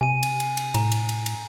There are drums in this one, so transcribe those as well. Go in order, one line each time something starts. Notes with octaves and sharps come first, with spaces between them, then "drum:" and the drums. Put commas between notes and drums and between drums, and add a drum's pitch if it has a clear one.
C3 G#5 D#7
drum: cymbal
drum: cymbal
drum: cymbal
A2 A#5, drum: cymbal
drum: cymbal
drum: cymbal
drum: cymbal